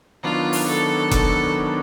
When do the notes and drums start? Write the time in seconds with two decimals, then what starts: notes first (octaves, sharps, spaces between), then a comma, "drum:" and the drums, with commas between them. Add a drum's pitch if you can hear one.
0.23 D#3 F#3 B3 D4 F4
0.53 drum: open hi-hat
0.68 A4
1.11 A4, drum: kick F1, hi-hat